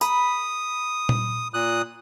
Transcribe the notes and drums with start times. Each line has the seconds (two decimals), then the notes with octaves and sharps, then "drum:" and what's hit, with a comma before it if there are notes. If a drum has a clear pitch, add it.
0.01 B5 D#6, drum: tambourine
1.09 drum: tom A#2
1.54 A#2 D#6 F#6